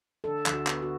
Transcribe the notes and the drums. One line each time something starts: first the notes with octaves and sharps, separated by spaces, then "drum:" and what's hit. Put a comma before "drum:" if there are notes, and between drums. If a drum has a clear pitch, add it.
D3 A4
D2, drum: clap
F#4
B3, drum: clap
F#4